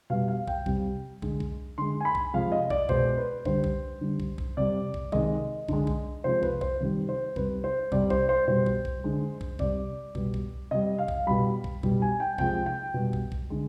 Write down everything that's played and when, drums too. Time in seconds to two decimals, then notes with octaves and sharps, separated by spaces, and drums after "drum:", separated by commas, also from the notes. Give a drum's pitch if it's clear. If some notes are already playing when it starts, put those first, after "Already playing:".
0.10 B2 G3 F5
0.28 F5
0.48 G5, drum: kick
0.66 C3 G3, drum: kick
1.22 D3 G#3, drum: kick
1.40 drum: kick
1.78 D3 G#3 C6
2.01 G#5
2.05 B5
2.15 drum: kick
2.33 C3 F3 G#3 F5
2.52 D#5
2.70 D5, drum: kick
2.89 B2 G#3 C5, drum: kick
3.17 B4
3.45 D3 G3 C5, drum: kick
3.64 drum: kick
4.01 D3 G3
4.20 drum: kick
4.38 drum: kick
4.57 C3 G3 D5
4.94 drum: kick
5.12 C3 D#3 G#3 D#5, drum: kick
5.68 D3 G#3, drum: kick
5.87 drum: kick
6.24 C3 F3 G#3 C5
6.43 B4, drum: kick
6.61 C5, drum: kick
6.80 C3 D#3 G3
7.09 C5
7.36 C3 G3 B4, drum: kick
7.64 C5
7.92 C3 G3 D5, drum: kick
8.10 C5, drum: kick
8.29 C5
8.48 B2 G3 C5
8.66 drum: kick
8.85 drum: kick
9.04 D3 G#3
9.41 drum: kick
9.59 C3 G3 D5, drum: kick
10.15 B2 G3, drum: kick
10.34 drum: kick
10.71 C3 G3 D#5
10.98 F5
11.08 drum: kick
11.27 B2 G3 B5
11.64 drum: kick
11.83 B2 G3, drum: kick
12.02 G#5
12.20 G5
12.38 C3 F3 G#3 G5, drum: kick
12.66 G5
12.94 B2 G3
13.13 drum: kick
13.32 drum: kick
13.50 D3 G#3